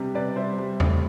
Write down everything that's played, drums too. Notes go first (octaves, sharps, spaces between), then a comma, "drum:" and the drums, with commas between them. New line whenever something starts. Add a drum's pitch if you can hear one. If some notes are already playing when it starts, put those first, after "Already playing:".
Already playing: C3 G3 B3 D4 G4 B4
C3 B4 D5
G3 C5 E5
G3
A2, drum: tom E2